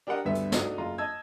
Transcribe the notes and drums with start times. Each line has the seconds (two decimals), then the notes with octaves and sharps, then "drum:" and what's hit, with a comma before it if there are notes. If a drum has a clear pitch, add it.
0.07 D4 G4 A#4 D#5 F#5
0.25 D2 G2 B3 E5
0.35 drum: hi-hat
0.52 A3 D4 D#4 F#4, drum: snare
0.78 F#1 F4 A#5
0.98 D#5 A5 E6 G#6